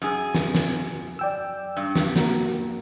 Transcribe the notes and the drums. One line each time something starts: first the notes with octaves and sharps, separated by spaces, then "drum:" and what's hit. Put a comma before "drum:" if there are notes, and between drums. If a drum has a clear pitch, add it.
F#2 G#4
drum: snare
drum: snare
D5 G5 E6
G2
drum: snare
A#3 F#4 A#4, drum: snare